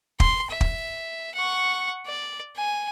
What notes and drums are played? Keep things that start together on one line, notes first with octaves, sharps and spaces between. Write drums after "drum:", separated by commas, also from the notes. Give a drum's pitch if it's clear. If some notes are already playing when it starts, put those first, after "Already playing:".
C6, drum: kick
E5
drum: kick
F#5 C#6
D5
G#5